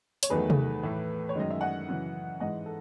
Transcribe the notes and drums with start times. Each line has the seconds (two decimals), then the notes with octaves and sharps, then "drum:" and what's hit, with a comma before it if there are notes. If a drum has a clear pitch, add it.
0.23 C#5, drum: hi-hat
0.30 E2 D#3 F#3 A3 G#4 B4
0.50 drum: tom C3
0.83 A2 E3 A3
1.29 C#5
1.36 F#2 D#3 G#3 D#5
1.51 E5
1.61 D#5 F#5
1.88 F#2 C#3 E3
2.40 G#2 E3 G#3 D#5 F#5
2.66 A4